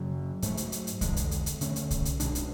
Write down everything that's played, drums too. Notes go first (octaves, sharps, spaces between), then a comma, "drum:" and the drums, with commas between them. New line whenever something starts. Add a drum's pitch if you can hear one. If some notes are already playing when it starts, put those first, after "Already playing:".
Already playing: F#2 C#3 F#3
G#2 F#3 A3, drum: hi-hat
drum: hi-hat
drum: hi-hat
drum: hi-hat
E2 D3 G#3, drum: kick B1, hi-hat
drum: hi-hat
drum: hi-hat
drum: hi-hat
D2 D3 A3 C#4, drum: hi-hat
drum: hi-hat
drum: kick B1, hi-hat
drum: hi-hat
B1 B2 G#3 D4, drum: hi-hat
drum: hi-hat